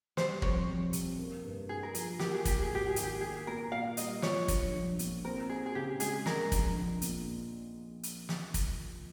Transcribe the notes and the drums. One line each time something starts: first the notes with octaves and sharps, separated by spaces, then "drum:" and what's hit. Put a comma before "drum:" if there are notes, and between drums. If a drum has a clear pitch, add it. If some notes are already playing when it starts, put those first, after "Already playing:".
G3 C5, drum: snare
F2 C#5, drum: kick
F2
C3, drum: hi-hat
A#3
G2
G2 G#4
A#4
F3 G#4, drum: hi-hat
A#3 G4, drum: snare
G#4
F4 G4, drum: kick, hi-hat
G#4
G#2 G4
G#4
D#3, drum: hi-hat
G4
A#3 G#4
A#2 A#4
A#2 F5
G3 D#5, drum: hi-hat
F3 C#5, drum: snare
A#1, drum: kick, hi-hat
A#1
A#2, drum: hi-hat
C4 A#4
D#4 G#4
G#4
C#3 G4
G#3 G#4, drum: hi-hat
G#3 A#4, drum: snare
A#1, drum: kick, hi-hat
A#1
A#2, drum: hi-hat
drum: hi-hat
drum: snare
drum: kick, hi-hat